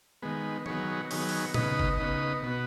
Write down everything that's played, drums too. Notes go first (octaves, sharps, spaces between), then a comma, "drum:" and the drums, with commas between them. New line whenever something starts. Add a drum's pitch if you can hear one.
D#3 G#3 B3
D#3 F#3 B3 G#4 C#5, drum: tom E3
D#3 F#3 B3 G#4 C#5, drum: open hi-hat
drum: open hi-hat
C#3 B3 D#4 B4 D#5, drum: tom A#2
drum: kick G1
C#3 B3 D#4 B4 D#5
B2 B3 F#4